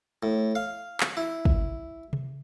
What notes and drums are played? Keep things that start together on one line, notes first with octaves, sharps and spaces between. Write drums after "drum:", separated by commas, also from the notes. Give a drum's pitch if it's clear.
A2
F5
drum: clap
E4
drum: kick
drum: tom C3